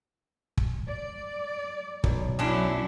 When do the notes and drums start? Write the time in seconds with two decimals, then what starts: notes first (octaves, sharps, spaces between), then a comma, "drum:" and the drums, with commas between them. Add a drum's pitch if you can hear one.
0.57 drum: kick
0.88 D5
2.04 B1, drum: kick
2.39 F#2 F#3 C#4 D4 E4